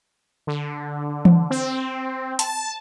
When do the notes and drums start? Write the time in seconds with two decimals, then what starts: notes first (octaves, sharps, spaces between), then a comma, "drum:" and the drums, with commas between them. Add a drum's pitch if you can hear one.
0.47 D3
1.25 drum: tom E3
1.50 C4
2.39 A5, drum: hi-hat